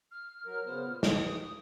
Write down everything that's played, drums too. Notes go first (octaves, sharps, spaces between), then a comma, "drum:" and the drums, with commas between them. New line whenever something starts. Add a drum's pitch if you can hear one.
F6
F#3 A#4
C#3 B3 C5
A#2
G2 D#3 E3 D#6, drum: snare